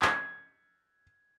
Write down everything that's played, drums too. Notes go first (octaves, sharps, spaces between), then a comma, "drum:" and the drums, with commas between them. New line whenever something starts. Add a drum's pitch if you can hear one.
G#6, drum: clap